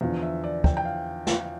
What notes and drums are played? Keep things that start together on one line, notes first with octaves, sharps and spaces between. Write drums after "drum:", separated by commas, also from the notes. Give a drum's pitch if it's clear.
E2 D3 F3 F5
E5
D5
G5, drum: kick
G5
F5
F5, drum: snare